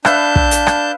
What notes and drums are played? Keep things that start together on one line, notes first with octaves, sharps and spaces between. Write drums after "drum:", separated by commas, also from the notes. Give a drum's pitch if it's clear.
D4 B4 E5 F5 A5 G6, drum: rim click
drum: kick
drum: hi-hat
drum: rim click